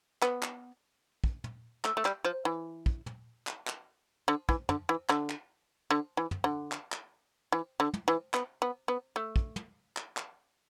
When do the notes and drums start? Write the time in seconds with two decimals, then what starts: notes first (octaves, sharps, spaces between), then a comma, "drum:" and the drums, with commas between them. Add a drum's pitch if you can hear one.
0.22 B3, drum: clap
0.42 drum: clap
1.24 drum: kick
1.44 drum: tom
1.84 A3, drum: clap
1.97 A3
2.05 G3, drum: clap
2.25 F3
2.45 E3
2.86 drum: kick
3.06 drum: tom
3.47 drum: clap
3.67 drum: clap
4.28 D3
4.49 E3, drum: kick
4.69 D3, drum: tom
4.89 E3
5.09 D3, drum: clap
5.30 drum: clap
5.91 D3
6.17 E3
6.31 drum: tom
6.44 D3
6.72 drum: clap
6.92 drum: clap
7.52 E3
7.80 D3
7.94 drum: tom
8.08 E3
8.34 B3, drum: clap
8.62 B3
8.88 B3
9.16 A3
9.36 drum: kick
9.56 drum: tom
9.97 drum: clap
10.17 drum: clap